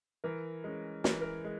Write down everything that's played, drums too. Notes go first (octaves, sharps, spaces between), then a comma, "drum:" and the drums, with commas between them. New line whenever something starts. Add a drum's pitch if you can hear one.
E3 A#4
G#3 C#4
E3 A#4, drum: snare
A#4
G#3